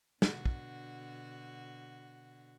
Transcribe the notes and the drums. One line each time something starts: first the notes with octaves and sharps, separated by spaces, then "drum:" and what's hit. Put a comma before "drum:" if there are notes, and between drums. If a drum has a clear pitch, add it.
B2 D3 F#4, drum: snare
drum: kick